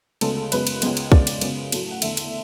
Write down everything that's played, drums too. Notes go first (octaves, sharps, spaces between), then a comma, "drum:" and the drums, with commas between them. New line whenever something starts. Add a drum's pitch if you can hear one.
D2 C#3 G#3 B3 A4, drum: cymbal
A4
F#2 C#3 G#3 B3 B4, drum: cymbal
drum: cymbal
C#2 C#3 G#3 B3, drum: cymbal
drum: cymbal
C#2 C#3 G#3 B3 D5, drum: kick
drum: cymbal
F#2 C#3 G#3 B3, drum: cymbal
A2 F#3 A3, drum: cymbal
F#5
E2 D3 A3 E5, drum: cymbal
drum: cymbal